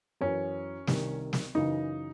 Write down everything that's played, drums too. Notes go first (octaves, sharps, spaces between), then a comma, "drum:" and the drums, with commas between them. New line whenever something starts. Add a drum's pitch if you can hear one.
F#2 E3 C#4
C2 C3 D#3, drum: snare
drum: snare
F#2 C#3 E3 D#4